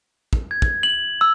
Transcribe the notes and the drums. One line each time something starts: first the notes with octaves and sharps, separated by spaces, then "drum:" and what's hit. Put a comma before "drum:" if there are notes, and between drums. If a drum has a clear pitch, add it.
drum: kick
G#6
drum: kick
F#7
E6